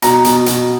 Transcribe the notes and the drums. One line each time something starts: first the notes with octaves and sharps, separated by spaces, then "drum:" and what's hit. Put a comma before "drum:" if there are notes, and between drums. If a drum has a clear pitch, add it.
B2 A#5, drum: hi-hat
B2, drum: hi-hat
B2, drum: hi-hat